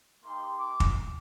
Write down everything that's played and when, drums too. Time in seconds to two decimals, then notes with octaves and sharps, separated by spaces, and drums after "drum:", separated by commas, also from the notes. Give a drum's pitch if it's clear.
0.24 A#3 D#4 G4 C6
0.58 D6
0.80 drum: kick